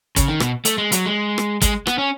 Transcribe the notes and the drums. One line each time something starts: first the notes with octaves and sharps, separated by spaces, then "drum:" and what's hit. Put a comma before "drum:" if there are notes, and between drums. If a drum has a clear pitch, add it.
C#3, drum: kick, hi-hat
D#3
B2, drum: rim click
A3, drum: hi-hat
G#3
F#3, drum: hi-hat
G#3
drum: rim click
G#3, drum: kick, hi-hat
B3, drum: rim click
C#4